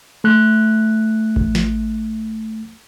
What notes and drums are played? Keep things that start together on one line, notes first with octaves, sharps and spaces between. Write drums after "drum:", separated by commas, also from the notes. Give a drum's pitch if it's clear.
A3 F#6
drum: kick A1
drum: snare